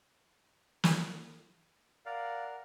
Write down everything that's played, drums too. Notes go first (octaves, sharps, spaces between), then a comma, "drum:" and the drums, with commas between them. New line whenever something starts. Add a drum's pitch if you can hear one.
drum: snare
A#4 D5 F5 F#5